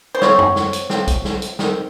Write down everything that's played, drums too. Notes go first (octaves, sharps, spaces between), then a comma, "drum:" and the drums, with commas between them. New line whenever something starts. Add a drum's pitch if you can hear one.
C5
F3 C4 C#5, drum: snare
drum: tom F#2
drum: snare
drum: hi-hat
F3 C4, drum: snare
drum: kick B1, hi-hat
drum: snare
drum: hi-hat
C3 D#3, drum: snare